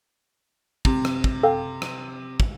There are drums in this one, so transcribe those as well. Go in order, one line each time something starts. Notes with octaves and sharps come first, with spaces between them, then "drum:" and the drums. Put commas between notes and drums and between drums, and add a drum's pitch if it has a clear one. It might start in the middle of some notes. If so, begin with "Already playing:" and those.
C3, drum: kick
drum: rim click
drum: kick
A4 F5 G5
drum: rim click
drum: kick